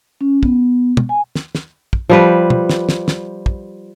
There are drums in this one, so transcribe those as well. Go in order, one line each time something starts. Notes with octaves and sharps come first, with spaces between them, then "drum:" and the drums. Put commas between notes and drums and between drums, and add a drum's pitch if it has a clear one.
C#4
B3, drum: kick
drum: tom
G#5
drum: snare
drum: snare
drum: kick
F3 G3 B4
drum: tom
drum: snare
drum: snare
drum: snare
drum: kick